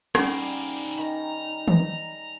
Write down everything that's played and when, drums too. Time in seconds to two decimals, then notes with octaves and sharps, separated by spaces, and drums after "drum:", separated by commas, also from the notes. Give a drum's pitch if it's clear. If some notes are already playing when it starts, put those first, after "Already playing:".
0.15 G3 A#3 C4 C#4 D#4 G#4 D5 F#5, drum: rim click
0.98 D#3 A#5 B5
1.68 drum: tom D#3